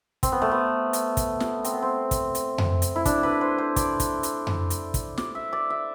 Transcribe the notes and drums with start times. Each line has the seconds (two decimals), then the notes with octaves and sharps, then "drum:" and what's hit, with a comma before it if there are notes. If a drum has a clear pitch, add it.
0.23 C4, drum: kick, hi-hat
0.32 B3
0.42 A3
0.51 B3
0.93 drum: hi-hat
1.17 drum: kick, hi-hat
1.40 drum: snare
1.64 C4, drum: hi-hat
1.73 B3
1.82 C4
2.11 drum: kick, hi-hat
2.35 drum: hi-hat
2.58 drum: tom F2
2.82 drum: hi-hat
2.96 E4
3.05 D4, drum: kick, hi-hat
3.23 B4
3.41 C5
3.58 C5
3.76 D5, drum: kick, hi-hat
4.00 drum: kick, hi-hat
4.23 drum: hi-hat
4.47 drum: tom F2
4.70 drum: hi-hat
4.94 drum: kick, hi-hat
5.18 D5, drum: snare
5.35 E5
5.53 D5
5.70 E5